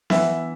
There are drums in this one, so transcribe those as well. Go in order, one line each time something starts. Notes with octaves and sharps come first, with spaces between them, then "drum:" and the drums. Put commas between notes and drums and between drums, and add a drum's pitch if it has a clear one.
E3 B3 E5, drum: snare B3